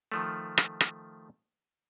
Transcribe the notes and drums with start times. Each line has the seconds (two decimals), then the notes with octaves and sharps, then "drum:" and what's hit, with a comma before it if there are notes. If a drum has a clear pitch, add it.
0.12 D#3 F3 A3
0.58 drum: rim click
0.81 drum: rim click